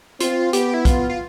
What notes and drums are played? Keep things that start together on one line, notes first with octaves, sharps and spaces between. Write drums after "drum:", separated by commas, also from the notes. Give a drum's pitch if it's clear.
C4 F4, drum: hi-hat
B3 G4, drum: hi-hat
E4
F4, drum: kick, hi-hat
F4